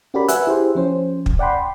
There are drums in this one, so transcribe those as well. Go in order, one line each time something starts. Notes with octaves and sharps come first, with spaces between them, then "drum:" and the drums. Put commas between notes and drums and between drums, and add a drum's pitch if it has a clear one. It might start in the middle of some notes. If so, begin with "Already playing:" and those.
C#4 F#4 G4 A#4 D5 B5
B4 E5 F#5 G#5 E6 F#6, drum: hi-hat
E4 G4 G#4 C5
F3 C#4 C5
drum: kick
D5 F#5 G5 B5 C6